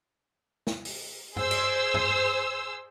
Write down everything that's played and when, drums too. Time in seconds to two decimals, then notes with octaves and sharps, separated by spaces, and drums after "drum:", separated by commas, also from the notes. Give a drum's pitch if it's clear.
0.67 drum: snare
0.85 drum: open hi-hat
1.36 G#4 C5 E6, drum: tom G2
1.51 drum: cymbal
1.94 drum: tom G2